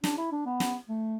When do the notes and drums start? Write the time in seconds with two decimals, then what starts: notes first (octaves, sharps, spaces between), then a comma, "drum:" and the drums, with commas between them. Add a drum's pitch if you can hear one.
0.04 D4, drum: snare
0.18 E4
0.32 D4
0.46 B3
0.60 drum: snare
0.89 A3